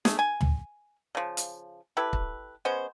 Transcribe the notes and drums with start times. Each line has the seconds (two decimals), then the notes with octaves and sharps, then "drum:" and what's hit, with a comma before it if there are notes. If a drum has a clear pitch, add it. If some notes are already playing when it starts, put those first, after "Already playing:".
0.05 A3 G#4, drum: snare
0.19 G#5
0.41 drum: tom
1.15 C#3 F3
1.37 drum: hi-hat
1.97 E4 G4 A4 B4
2.13 drum: kick
2.65 G#3 B3 C#4 C5